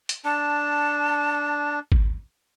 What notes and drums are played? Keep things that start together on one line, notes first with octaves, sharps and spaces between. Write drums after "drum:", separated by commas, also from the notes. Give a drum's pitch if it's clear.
drum: hi-hat
D4 A5
drum: kick